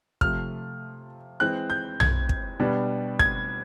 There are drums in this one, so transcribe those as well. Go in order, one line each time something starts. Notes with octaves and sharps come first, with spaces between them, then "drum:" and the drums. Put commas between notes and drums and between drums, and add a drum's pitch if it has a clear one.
C3 F3 A3 F6, drum: kick
E3 G#3 C4 F#6
G6
G#6, drum: tom B1
drum: kick
B2 G3 B3 D4
G#6, drum: kick